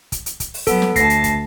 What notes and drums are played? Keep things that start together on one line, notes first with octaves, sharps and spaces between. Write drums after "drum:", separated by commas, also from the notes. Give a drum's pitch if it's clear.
drum: kick, hi-hat
drum: hi-hat
drum: kick, hi-hat
drum: open hi-hat
F#3 B3 A4, drum: kick, hi-hat
drum: snare
D2 A5 A#6 C7, drum: kick, hi-hat
drum: hi-hat
drum: kick, hi-hat